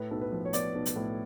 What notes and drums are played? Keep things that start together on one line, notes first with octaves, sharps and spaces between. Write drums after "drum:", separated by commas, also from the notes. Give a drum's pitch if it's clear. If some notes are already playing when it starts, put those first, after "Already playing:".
Already playing: A2 B4
B1 A4
B4
F3
C#5
B3 D5, drum: hi-hat
B1
drum: hi-hat
A2